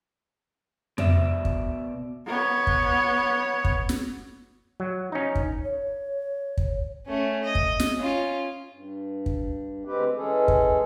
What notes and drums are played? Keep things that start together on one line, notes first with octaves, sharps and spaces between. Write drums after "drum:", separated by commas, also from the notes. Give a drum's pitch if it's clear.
B2 D5 E5, drum: tom F2
drum: kick
B3 C#5
drum: kick
drum: kick
drum: snare
F#3
C#4 D#4
drum: kick
C#5
drum: kick
A3 C#4
D#5
drum: kick
drum: snare
C#4 F4
G2
drum: kick
D2 G#3 C4 G4 B4
E3 G#3 C#4 G#4 A4
drum: kick